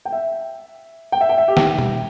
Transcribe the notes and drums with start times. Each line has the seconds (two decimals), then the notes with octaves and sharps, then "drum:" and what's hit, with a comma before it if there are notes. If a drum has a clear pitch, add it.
0.05 G5
0.12 E5
1.12 G5
1.21 E5
1.29 G5
1.38 E5
1.48 G4
1.57 G5, drum: snare
1.79 drum: tom B2